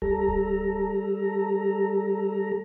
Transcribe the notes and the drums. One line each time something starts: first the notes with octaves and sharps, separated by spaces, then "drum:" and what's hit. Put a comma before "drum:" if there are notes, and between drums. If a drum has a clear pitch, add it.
G3 A4 A#5, drum: kick D1
drum: kick D1